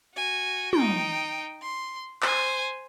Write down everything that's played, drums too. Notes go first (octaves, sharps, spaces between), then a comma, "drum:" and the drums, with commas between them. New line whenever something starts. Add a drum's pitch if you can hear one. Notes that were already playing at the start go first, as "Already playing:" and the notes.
F#4 G#5
D#4 G5, drum: tom
C6
C5 G#5, drum: clap